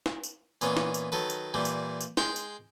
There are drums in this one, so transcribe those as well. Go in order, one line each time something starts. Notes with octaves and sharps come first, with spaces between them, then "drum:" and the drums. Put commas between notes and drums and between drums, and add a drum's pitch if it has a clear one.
drum: snare
drum: tambourine
A#2 E3 B3 C#4, drum: tambourine
drum: snare
drum: tambourine
D#3 F#3 A4 B4
drum: tambourine
A#2 E3 G3
drum: tambourine
drum: tambourine
G#3 G5 C6, drum: snare
drum: tambourine